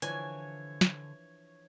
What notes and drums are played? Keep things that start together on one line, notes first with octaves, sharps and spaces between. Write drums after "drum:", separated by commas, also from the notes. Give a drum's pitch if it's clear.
D3 E3 F3 D4 C#5 G#5, drum: hi-hat
drum: snare